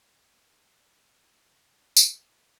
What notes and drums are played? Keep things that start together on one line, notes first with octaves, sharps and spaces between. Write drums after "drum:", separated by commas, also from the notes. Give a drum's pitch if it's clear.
B2 C5
B4
A3 C4
B4
C5
B2 D5
F#5
E5
A3 C4
C3 G5
G5
F#5
E3 B3 D5
E5
drum: tambourine
C3 E5
F#5
E3 B3